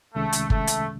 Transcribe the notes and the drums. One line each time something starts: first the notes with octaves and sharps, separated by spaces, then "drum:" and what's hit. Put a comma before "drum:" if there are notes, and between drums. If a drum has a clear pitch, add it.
C2 C3 D#3 G#3 A3 C#4
drum: hi-hat
A3, drum: kick G1
drum: hi-hat